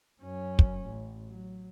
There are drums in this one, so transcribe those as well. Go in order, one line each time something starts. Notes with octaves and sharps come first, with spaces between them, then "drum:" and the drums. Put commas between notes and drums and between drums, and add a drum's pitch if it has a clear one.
F#2 C#4
drum: kick
A1
F#3